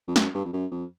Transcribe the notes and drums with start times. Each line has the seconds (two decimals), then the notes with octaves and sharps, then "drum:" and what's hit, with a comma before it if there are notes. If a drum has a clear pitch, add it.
0.07 F2
0.16 F#2, drum: snare
0.35 G2
0.45 F2
0.53 F#2
0.71 F2